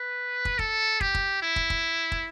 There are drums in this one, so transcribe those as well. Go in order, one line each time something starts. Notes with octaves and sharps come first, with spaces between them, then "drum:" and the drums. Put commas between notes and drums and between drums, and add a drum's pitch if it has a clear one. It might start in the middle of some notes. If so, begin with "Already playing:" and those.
Already playing: B4
drum: kick
A4, drum: kick
G4, drum: kick
drum: kick
E4
drum: kick
drum: kick
drum: kick